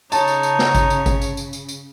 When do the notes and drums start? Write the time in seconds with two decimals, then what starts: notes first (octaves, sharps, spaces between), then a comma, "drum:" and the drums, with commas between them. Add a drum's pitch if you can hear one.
0.12 C#3 D#4 C#5 A5, drum: tambourine
0.28 drum: tambourine
0.43 drum: tambourine
0.59 drum: snare
0.75 drum: kick G#1, tambourine
0.90 drum: tambourine
1.06 drum: kick G#1, tambourine
1.22 drum: tambourine
1.37 drum: tambourine
1.53 drum: tambourine
1.69 drum: tambourine